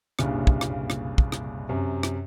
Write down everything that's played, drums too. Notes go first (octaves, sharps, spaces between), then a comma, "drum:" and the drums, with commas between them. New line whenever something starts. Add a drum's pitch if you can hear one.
F#1 C2 G2 A#2 C#3, drum: rim click
drum: kick
drum: rim click
drum: rim click
drum: kick
drum: rim click
F#2 C3
drum: rim click